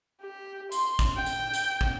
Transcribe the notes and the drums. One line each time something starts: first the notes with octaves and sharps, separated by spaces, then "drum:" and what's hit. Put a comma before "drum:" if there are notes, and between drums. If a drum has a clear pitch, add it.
G4
C6, drum: hi-hat
drum: kick, hi-hat
G5
drum: hi-hat
drum: hi-hat
drum: kick